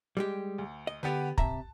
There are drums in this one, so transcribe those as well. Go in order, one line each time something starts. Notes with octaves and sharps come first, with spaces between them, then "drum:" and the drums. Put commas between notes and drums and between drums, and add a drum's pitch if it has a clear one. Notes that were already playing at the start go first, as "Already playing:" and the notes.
G3 G#3 G4
D2
D#5
D3 B3 G4 B4
C3 E5 A5 A#5, drum: kick